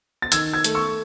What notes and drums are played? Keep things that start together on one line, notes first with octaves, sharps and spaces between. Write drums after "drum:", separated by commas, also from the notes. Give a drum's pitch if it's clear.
A6
D#3 E6 G#6, drum: hi-hat
E6 G#6
A3, drum: hi-hat
C#6 E6